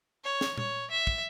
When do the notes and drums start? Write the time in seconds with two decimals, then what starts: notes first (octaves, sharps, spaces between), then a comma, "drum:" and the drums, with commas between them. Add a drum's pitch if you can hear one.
0.24 C#5
0.41 drum: snare
0.58 C#5, drum: tom A#2
0.91 E5
1.07 drum: kick